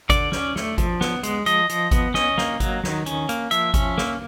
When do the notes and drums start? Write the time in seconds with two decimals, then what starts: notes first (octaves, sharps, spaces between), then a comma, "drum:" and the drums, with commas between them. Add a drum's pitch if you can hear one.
0.10 D3 D5, drum: kick G#1, hi-hat
0.32 C#4, drum: snare
0.56 A3, drum: snare
0.78 F3, drum: kick G#1, hi-hat
1.01 B3, drum: snare
1.23 G#3, drum: hi-hat
1.46 F3 D#5, drum: hi-hat
1.69 F3, drum: hi-hat
1.91 B3, drum: kick G#1, hi-hat
2.14 C#4 D#5, drum: snare
2.38 A#3, drum: snare
2.60 F#3, drum: kick G#1, hi-hat
2.84 D#3, drum: snare
3.06 C#4, drum: hi-hat
3.29 A#3, drum: hi-hat
3.51 F3 E5, drum: hi-hat
3.74 C#4, drum: kick G#1, hi-hat
3.98 A#3, drum: snare